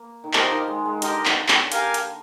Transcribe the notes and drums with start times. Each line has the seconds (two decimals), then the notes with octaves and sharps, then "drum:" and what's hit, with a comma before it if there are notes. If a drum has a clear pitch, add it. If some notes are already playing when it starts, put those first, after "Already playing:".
Already playing: A#3
0.24 D#3
0.33 F3 G4 A#4 D#5, drum: clap
0.51 D#3
0.68 G#3
0.85 G#3
1.02 D3 G4 A#4 D#5, drum: hi-hat
1.26 drum: clap
1.48 drum: clap
1.72 G4 A#4 F5 G#5, drum: hi-hat
1.94 drum: hi-hat